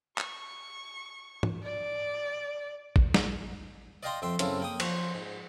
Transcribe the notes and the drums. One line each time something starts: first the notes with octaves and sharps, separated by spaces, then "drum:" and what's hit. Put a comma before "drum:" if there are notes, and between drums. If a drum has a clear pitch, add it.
C#6, drum: clap
drum: tom
D5
drum: kick
drum: snare
D5 D#5 F5 G5 A#5 C6
F2 E5 G5 C6
F#2 C#3 C4 E4 A4 F5, drum: hi-hat
A#3 G5 D#6
F3 F#5 C#6, drum: cymbal
G#2